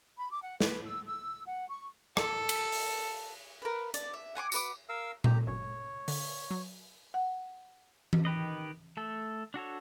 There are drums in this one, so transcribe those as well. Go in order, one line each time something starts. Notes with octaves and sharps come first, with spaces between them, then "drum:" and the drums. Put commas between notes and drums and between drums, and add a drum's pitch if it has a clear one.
B5
D6
F#5
B4, drum: snare
E6
E6
F#5
C#6
A4, drum: rim click
drum: cymbal
drum: open hi-hat
A#4 B4
D5 A5, drum: hi-hat
E5
F#5 G#5 C6 D6
F#4 B4 D6, drum: tambourine
A#4 F5 E6
G4 A#5, drum: tom A#2
G1 F#2 C#5
D3, drum: open hi-hat
F#3
F#5
drum: tom E3
D#3 G4 B4 D#5
A3 A4
D4 F#4 A4 C#5